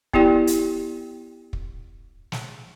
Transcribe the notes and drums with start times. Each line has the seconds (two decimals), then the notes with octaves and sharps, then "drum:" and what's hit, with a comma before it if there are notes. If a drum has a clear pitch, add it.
0.13 B3 E4 G4 D5 G5, drum: kick
0.47 drum: hi-hat
1.53 drum: kick
2.32 drum: snare